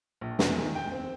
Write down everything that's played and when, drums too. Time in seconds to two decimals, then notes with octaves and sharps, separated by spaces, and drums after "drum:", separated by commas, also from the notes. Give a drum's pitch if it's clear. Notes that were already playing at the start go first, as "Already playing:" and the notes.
0.21 A#1
0.39 E2, drum: snare
0.59 D#3
0.75 G5
0.92 C4